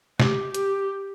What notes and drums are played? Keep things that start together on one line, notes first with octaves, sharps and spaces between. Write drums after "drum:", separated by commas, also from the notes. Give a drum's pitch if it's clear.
G4, drum: snare
G4, drum: hi-hat